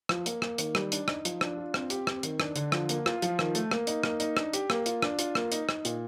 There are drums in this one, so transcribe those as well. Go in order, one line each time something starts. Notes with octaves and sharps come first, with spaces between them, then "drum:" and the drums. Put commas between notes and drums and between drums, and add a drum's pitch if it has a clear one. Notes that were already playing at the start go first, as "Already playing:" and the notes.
F3, drum: rim click
A#3, drum: hi-hat
A#3, drum: rim click
D#3, drum: hi-hat
G3, drum: rim click
D4, drum: hi-hat
D#4, drum: rim click
F3, drum: hi-hat
D4, drum: rim click
F4
C4, drum: rim click
G4, drum: hi-hat
C4, drum: rim click
D#3, drum: hi-hat
D4, drum: rim click
D3, drum: hi-hat
F3, drum: rim click
A#3, drum: hi-hat
F4, drum: rim click
F3, drum: hi-hat
D#3, drum: rim click
A3, drum: hi-hat
A#3, drum: rim click
D#4, drum: hi-hat
A#3, drum: rim click
D#4, drum: hi-hat
D4, drum: rim click
G4, drum: hi-hat
A#3, drum: rim click
F4, drum: hi-hat
D4, drum: rim click
F4, drum: hi-hat
A#3, drum: rim click
D#4, drum: hi-hat
D#4, drum: rim click
A#2, drum: hi-hat